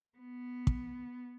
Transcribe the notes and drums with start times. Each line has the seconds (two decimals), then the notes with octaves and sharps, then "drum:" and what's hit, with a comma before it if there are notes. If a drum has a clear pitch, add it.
0.18 B3
0.67 drum: kick